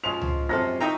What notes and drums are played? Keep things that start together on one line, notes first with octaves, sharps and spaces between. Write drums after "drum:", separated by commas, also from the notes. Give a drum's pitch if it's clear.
F3 G#3 C#4 F7
drum: tom C#2
F#2 C3 A4 C6 F6 A#6
A3 D#4 D#5 E5 G5 A#5